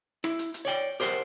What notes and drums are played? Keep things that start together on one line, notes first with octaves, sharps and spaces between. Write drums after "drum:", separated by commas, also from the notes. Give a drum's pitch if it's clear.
E4, drum: rim click
drum: hi-hat
drum: hi-hat
C#5 D5 G5
G4 A#4 C5 D#5 F#5, drum: hi-hat